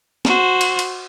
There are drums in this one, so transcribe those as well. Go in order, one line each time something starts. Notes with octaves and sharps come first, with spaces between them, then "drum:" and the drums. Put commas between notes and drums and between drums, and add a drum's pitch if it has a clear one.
F#4 C5, drum: snare
drum: cymbal
drum: cymbal